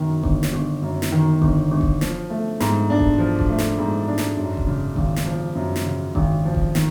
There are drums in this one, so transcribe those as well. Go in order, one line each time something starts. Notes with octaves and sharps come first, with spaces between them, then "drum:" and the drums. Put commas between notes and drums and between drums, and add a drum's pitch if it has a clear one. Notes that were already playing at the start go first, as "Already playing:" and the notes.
Already playing: F#2 D#3
G1, drum: kick E1
drum: snare
G1
F#2
drum: snare
D#3
G1, drum: kick E1
G1
drum: kick E1
F3, drum: snare
A3
G#2, drum: snare
D4
drum: kick E1
F3
drum: kick E1
A3
drum: snare
G#2
D4
drum: snare
F#2
drum: kick E1
C#3
G#1, drum: kick E1
drum: snare
F3
F#2
drum: snare
C#3
G#1, drum: kick E1
F3
drum: kick E1
D#3, drum: snare